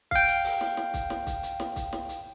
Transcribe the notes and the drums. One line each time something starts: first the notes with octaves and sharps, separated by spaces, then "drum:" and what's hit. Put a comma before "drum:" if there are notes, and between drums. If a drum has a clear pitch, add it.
F5 G5, drum: kick C2
drum: hi-hat
drum: open hi-hat
drum: snare
drum: snare
drum: kick C2, hi-hat
drum: snare
drum: kick C2, hi-hat
drum: hi-hat
drum: snare
drum: kick C2, hi-hat
drum: snare
drum: hi-hat